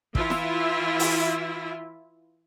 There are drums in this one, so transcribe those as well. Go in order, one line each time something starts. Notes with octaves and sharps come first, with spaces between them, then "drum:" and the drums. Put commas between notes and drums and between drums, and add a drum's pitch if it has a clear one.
E3 E4 F4 E5, drum: kick
drum: snare
drum: open hi-hat